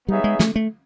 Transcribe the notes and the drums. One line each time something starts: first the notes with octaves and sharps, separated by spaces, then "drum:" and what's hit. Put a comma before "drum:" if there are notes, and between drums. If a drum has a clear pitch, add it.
G3 B3 D#4 G#4 C#5 E5
G#3
A3, drum: snare
A3